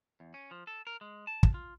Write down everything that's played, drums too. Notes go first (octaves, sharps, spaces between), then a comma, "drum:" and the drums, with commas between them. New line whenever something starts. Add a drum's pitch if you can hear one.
E2
C#4
F3
A4
A#4
G#3
A5
drum: kick
F4